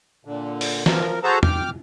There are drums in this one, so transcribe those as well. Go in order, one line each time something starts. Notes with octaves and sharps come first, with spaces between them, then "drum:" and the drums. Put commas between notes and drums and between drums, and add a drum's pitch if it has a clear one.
A#2 D3
drum: open hi-hat
F3 A#4, drum: snare
F#4 G#4 A4 C5 A5 A#5
G5 D6 F6, drum: tom E2